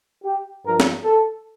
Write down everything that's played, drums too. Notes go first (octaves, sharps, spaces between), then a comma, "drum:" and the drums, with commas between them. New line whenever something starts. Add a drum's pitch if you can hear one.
G4
G2 F3 A#4
drum: snare
A4